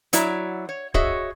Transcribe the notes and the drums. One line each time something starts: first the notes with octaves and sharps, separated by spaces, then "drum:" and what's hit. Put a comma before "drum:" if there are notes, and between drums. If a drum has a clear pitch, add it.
F#3 E4 D5 E5 A#5, drum: hi-hat
C#5
F#4 G#4 C#5 D#5 E5, drum: kick